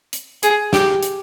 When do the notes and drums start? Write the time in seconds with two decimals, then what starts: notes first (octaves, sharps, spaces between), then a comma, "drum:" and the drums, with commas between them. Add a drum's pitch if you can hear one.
0.13 drum: hi-hat
0.43 G#4, drum: hi-hat
0.73 G4, drum: snare
1.03 drum: hi-hat